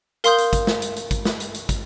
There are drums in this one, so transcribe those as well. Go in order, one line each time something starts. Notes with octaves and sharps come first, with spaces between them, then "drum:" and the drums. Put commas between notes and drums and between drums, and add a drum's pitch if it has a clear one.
A#4 F5 C6 D#6 G6, drum: hi-hat
drum: hi-hat
drum: kick, hi-hat
drum: snare
drum: hi-hat
drum: hi-hat
drum: kick, hi-hat
drum: snare
drum: hi-hat
drum: hi-hat
drum: kick, hi-hat